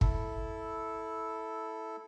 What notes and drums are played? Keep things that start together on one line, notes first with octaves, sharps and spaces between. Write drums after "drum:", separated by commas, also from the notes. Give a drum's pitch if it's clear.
E4 A4, drum: kick